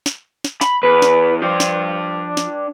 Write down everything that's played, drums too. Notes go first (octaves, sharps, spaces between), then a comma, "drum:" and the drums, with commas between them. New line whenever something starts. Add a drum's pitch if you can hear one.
drum: snare
drum: snare
B5, drum: snare
E2 B4
drum: snare
F3 D4 G5
drum: snare
drum: snare